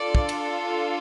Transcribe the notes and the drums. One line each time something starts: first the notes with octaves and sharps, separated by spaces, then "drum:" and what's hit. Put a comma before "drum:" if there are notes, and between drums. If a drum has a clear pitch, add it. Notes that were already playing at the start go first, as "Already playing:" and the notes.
Already playing: D4 F4 A4 D5
drum: kick
drum: cymbal